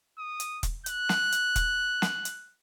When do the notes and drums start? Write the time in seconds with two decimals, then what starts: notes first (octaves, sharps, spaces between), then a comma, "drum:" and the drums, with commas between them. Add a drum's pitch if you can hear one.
0.18 D#6
0.40 drum: hi-hat
0.63 drum: kick E1, hi-hat
0.86 F#6, drum: hi-hat
1.09 drum: snare
1.32 drum: hi-hat
1.56 drum: kick E1, hi-hat
2.02 drum: snare
2.25 drum: hi-hat